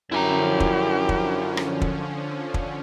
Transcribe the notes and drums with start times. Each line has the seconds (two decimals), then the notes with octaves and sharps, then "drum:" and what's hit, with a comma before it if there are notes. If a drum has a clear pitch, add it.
0.12 F#2 D3 F3 C#4 E4 G4 G#5 A#5
0.60 drum: kick
1.09 drum: kick
1.57 drum: rim click
1.81 drum: kick
2.54 drum: kick